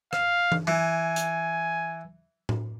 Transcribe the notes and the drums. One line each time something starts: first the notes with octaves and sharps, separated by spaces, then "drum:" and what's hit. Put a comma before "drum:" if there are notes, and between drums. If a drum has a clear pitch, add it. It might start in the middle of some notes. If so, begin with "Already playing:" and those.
F5, drum: rim click
drum: tom E3
E3 G#5
drum: hi-hat
drum: tom A2